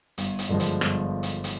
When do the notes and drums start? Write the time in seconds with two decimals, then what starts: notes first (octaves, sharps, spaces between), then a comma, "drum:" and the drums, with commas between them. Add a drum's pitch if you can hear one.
0.18 G1, drum: hi-hat
0.39 drum: hi-hat
0.49 G2 D3 F3 G#3
0.60 drum: hi-hat
0.81 G1, drum: rim click
1.23 drum: hi-hat
1.44 drum: hi-hat